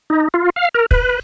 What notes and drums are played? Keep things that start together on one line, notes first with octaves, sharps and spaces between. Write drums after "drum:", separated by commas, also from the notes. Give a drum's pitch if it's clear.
D#4
F4
F5
A#4
B4, drum: kick